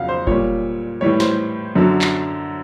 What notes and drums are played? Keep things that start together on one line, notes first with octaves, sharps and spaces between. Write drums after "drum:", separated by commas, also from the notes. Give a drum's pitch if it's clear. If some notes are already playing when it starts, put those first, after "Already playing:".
Already playing: F2 C#3 F#3 F5 F#5
C5
A#2 G3 C#5, drum: kick F#1
A2 E3 G3 C#5
C5, drum: snare
F#2 D3 F#3
drum: clap